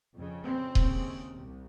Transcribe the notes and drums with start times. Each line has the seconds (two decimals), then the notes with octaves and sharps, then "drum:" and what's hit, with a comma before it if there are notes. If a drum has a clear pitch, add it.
0.15 F2 C#3
0.45 C4
0.75 D#2 C#3, drum: kick D#1
1.35 C2 C3